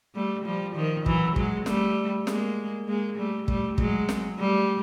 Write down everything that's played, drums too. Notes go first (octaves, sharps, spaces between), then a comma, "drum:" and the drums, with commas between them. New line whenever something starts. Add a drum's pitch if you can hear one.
G3 A3
F3 G3
D#3 F3
E3 F#3, drum: kick
F#3 G#3, drum: kick
G3 A3, drum: snare
G#3 A#3, drum: snare
G#3 A#3
G3 A3
G3 A3, drum: kick
F#3 G#3, drum: kick
drum: snare
G3 A3